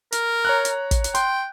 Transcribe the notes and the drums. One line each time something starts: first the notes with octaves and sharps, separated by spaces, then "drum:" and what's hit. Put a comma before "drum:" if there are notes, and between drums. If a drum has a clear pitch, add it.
A#4, drum: hi-hat
C#5 A#5 F#6
drum: hi-hat
drum: kick, hi-hat
drum: hi-hat
G5 C6, drum: hi-hat